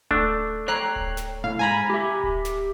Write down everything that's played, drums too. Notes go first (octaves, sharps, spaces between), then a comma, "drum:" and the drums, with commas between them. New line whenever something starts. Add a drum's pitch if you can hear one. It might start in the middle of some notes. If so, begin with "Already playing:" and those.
A3 D4, drum: kick D1
C#5 G5 A#5 F#6 C7
drum: kick D1
drum: snare
A2 F5
G#2 G#5 A#5 B5
G4 E5
drum: kick D1
drum: snare